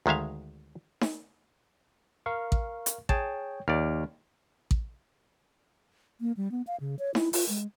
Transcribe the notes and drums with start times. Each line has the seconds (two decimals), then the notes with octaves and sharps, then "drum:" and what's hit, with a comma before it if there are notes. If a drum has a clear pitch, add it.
0.06 D2 D#3 G#3 E5 F5
1.01 drum: snare D#4
2.26 A#4 F5 C#6
2.52 drum: kick A1
2.86 drum: hi-hat
3.09 G#4 C#5 G5 A5, drum: kick A1
3.68 D#2 D5 F6
4.71 drum: kick A1
6.21 A#3
6.37 G3
6.51 B3
6.67 F5
6.80 C#3
6.99 C#5
7.15 E4, drum: snare D#4
7.33 F4, drum: open hi-hat
7.49 G#3